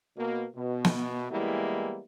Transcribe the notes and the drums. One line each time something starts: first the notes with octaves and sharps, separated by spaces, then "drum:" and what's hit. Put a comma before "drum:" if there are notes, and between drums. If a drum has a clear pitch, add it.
B2 A#3
B2
drum: snare
E3 G3 G#3 A#3 B3 E4